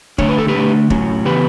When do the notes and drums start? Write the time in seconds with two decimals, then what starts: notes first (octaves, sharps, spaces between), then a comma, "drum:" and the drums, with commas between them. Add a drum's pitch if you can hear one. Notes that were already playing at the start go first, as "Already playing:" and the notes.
0.18 D3 A3 D4 C#5, drum: kick
0.29 B4
0.38 A4
0.48 G4 B4
0.54 D3 A3 D4
0.90 A2 F#3 C#4, drum: kick
1.25 C#3 E3 B3 G4 B4